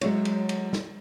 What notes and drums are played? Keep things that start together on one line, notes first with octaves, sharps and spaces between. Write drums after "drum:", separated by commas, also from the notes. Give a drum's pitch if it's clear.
F#3 G#3 E4 C#5, drum: cymbal
drum: cymbal
drum: cymbal
drum: snare